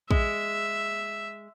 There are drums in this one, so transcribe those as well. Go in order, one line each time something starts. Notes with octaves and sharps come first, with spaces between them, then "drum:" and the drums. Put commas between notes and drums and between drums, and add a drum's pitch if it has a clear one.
G#3 E5, drum: kick